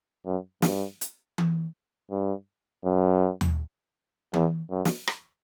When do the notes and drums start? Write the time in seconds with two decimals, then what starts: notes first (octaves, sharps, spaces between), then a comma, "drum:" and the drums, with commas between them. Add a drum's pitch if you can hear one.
0.26 F#2
0.62 G2, drum: snare
1.01 drum: hi-hat
1.38 drum: tom E3
2.11 G2
2.85 F#2
3.41 drum: tom D#2
4.34 E2, drum: tom E3
4.71 F#2
4.85 drum: snare
5.07 drum: rim click